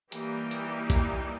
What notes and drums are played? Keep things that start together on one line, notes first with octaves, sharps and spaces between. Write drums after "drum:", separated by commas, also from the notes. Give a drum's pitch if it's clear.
E3 G3 A#3 D#4 G4, drum: hi-hat
drum: hi-hat
drum: kick A#1, hi-hat